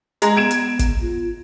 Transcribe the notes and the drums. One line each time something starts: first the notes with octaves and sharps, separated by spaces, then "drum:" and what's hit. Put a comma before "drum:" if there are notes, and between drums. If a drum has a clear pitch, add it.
G#3 A#5, drum: hi-hat
B3 G#6 D7 E7
drum: hi-hat
drum: kick, hi-hat
F4